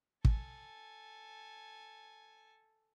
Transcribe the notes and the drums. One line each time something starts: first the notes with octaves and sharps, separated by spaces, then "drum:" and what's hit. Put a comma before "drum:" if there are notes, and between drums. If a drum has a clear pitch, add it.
A4 G#5, drum: kick